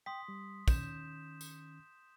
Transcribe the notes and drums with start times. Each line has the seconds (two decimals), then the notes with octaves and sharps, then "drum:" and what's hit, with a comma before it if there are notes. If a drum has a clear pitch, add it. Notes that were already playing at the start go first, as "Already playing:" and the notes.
0.06 G5 C6 D#6 B6
0.28 G3
0.68 D#3 C#4 G6 E7, drum: kick, tambourine
1.41 drum: tambourine